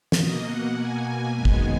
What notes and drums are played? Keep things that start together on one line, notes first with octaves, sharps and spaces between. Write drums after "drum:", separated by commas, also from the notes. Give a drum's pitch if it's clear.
B2 A#3 D#5, drum: snare
F#5
G#5
F#2 D#3 G#3 B3 G#5
drum: kick